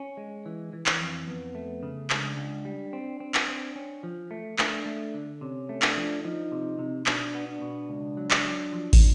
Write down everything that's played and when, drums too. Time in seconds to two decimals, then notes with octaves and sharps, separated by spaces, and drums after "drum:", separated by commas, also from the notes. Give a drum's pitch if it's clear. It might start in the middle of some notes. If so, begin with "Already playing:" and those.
Already playing: C#4
0.17 G#3
0.46 E3
0.73 E3
0.86 drum: clap
1.01 F2
1.27 F2 B3
1.55 A3
1.83 C#3
2.10 C#2 D4, drum: clap
2.37 C#2
2.65 G3
2.93 C4
3.20 C4
3.35 drum: clap
3.48 C4
3.76 C#4
4.03 F3
4.31 A3
4.59 A3 D4, drum: clap
4.86 A3
5.14 D3
5.41 C3 C#4
5.69 A3
5.82 D4, drum: clap
5.97 F3
6.24 F3 D#4
6.52 C3
6.79 C3
7.06 B2 D4, drum: clap
7.35 B3
7.48 D4
7.62 B2
7.89 C#2
8.17 F#3
8.31 drum: clap
8.45 F#3
8.73 F3
8.93 drum: kick, open hi-hat